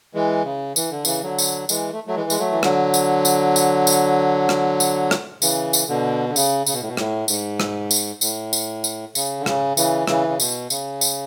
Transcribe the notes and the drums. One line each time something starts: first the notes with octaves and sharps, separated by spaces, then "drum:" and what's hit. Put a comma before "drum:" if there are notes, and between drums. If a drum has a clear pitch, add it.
E3 G#3
C#3
E3, drum: tambourine
D3
C#3 E3, drum: tambourine
D3 F#3
drum: tambourine
E3 G#3, drum: tambourine
A3
F#3 A3
E3 G#3
G#3, drum: tambourine
F#3 A3
E3
D3 F#3, drum: rim click
drum: tambourine
drum: tambourine
drum: tambourine
drum: tambourine
drum: rim click
drum: tambourine
drum: rim click
C#3 E3, drum: tambourine
drum: tambourine
B2 D3
D3
C#3, drum: tambourine
C#3, drum: tambourine
B2
A2
B2
A2, drum: rim click
G#2, drum: tambourine
drum: rim click
drum: tambourine
A2, drum: tambourine
drum: tambourine
drum: tambourine
C#3, drum: tambourine
D3
C#3, drum: rim click
C#3 E3, drum: tambourine
C#3 E3, drum: rim click
C#3
B2, drum: tambourine
C#3, drum: tambourine
drum: tambourine